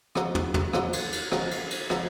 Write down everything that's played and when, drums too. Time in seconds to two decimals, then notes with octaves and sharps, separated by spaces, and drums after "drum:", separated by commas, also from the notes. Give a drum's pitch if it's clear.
0.16 C#3 F3 G#3 D#4 F#4, drum: rim click
0.35 drum: tom
0.54 drum: tom
0.73 C#3 F3 G#3 D#4 F#4, drum: rim click
0.93 drum: cymbal
1.12 drum: cymbal
1.32 C#3 F3 G#3 D#4 F#4, drum: rim click
1.51 drum: cymbal
1.70 drum: cymbal
1.90 C#3 F3 G#3 D#4 F#4, drum: rim click